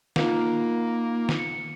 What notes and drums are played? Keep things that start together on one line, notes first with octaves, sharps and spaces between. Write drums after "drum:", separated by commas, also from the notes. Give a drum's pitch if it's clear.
A#3 D#4 F4 F#5, drum: snare
drum: snare
C#7